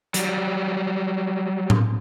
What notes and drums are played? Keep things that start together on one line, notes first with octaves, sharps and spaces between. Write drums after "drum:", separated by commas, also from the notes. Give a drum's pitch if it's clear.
F#3 G3, drum: hi-hat
drum: tom A2